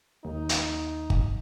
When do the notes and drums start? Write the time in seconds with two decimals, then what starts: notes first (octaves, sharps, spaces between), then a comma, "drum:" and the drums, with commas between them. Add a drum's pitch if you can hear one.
0.25 D#2 D#4
0.49 drum: hi-hat
1.10 drum: kick G1